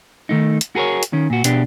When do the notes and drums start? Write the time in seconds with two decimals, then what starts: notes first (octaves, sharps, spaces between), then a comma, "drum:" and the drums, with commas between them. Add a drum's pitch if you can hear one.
0.29 D#3 A3 D#4
0.61 drum: hi-hat
0.75 F#4 G#4 A#4 B4 C#5
1.03 drum: hi-hat
1.13 D#3 C#4
1.30 A#2 F#4
1.44 B2 B3 D4 G4, drum: hi-hat